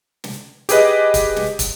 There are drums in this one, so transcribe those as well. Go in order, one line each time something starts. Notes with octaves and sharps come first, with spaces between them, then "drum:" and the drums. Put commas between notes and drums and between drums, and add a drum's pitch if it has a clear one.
drum: snare
G4 G#4 B4 D#5, drum: hi-hat
drum: kick, hi-hat
drum: snare
drum: kick, hi-hat